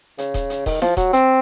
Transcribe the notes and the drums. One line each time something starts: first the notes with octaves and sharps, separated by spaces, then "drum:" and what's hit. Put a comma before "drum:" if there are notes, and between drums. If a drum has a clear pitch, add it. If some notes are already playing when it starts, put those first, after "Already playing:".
C#3, drum: hi-hat
drum: kick D#1, hi-hat
drum: hi-hat
D#3, drum: kick D#1, open hi-hat
F3, drum: snare E4
F#3, drum: kick D#1, hi-hat
C4, drum: hi-hat